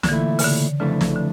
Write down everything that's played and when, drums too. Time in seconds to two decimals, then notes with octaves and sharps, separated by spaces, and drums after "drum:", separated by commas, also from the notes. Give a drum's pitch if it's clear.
0.03 D3, drum: snare
0.09 A#2 E3 A3 E4
0.39 C#3, drum: open hi-hat
0.44 D3
0.80 F2 C#3 E3 A3 D4
1.01 drum: snare
1.16 D3